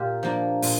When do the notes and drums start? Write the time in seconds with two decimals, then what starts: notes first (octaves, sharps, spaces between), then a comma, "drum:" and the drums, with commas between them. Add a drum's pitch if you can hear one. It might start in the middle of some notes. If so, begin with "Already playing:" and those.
Already playing: A#2 F4 G4
0.23 F3 A#3 D4
0.62 A#2, drum: open hi-hat